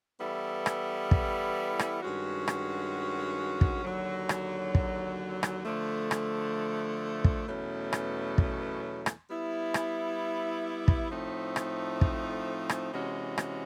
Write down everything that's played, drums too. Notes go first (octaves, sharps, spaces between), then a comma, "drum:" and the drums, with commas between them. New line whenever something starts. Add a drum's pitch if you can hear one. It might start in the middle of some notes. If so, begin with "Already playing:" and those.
E3 G3 B3 E4 A4
drum: rim click
drum: kick
drum: rim click
G2 D#3 G#3 C#4 F#4
drum: rim click
drum: kick
D#2 D3 F#3
drum: rim click
drum: kick
drum: rim click
D3 F3 A3
drum: rim click
drum: kick
E2 B2 F#3 A3 C#4
drum: rim click
drum: kick
drum: rim click
G3 B3 E4
drum: rim click
drum: kick
A2 F3 A3 C4 D#4
drum: rim click
drum: kick
drum: rim click
C3 E3 G#3 C#4 F#4
drum: rim click